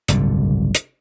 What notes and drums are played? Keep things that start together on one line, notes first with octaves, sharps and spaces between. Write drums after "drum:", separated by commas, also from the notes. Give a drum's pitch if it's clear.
F#1 C2 G#2 D3, drum: hi-hat
drum: hi-hat